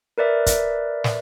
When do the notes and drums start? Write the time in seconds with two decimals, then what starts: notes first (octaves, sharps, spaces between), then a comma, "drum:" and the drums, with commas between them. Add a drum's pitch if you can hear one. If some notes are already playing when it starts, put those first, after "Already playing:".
0.18 A#4 B4 D5 E5
0.46 drum: kick, hi-hat
1.04 drum: snare